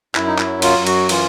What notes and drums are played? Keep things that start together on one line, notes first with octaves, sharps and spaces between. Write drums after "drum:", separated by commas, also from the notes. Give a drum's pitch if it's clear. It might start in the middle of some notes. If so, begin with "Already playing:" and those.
F#2 E4, drum: clap
D#4
E4, drum: clap
F#3
F4, drum: cymbal
F#2
F#4, drum: cymbal
E3 F4, drum: cymbal